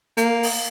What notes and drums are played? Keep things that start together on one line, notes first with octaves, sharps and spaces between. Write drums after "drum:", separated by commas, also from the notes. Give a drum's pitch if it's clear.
A#3, drum: hi-hat
drum: open hi-hat